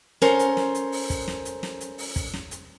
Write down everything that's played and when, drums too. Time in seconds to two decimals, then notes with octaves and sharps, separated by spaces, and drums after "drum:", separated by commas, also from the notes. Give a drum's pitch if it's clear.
0.22 C#4 A4 A#4 C5, drum: snare
0.39 drum: hi-hat
0.57 drum: snare
0.75 drum: hi-hat
0.92 drum: open hi-hat
1.10 drum: kick, hi-hat
1.28 drum: snare
1.45 drum: hi-hat
1.63 drum: snare
1.80 drum: hi-hat
1.98 drum: open hi-hat
2.16 drum: kick, hi-hat
2.33 drum: snare
2.51 drum: hi-hat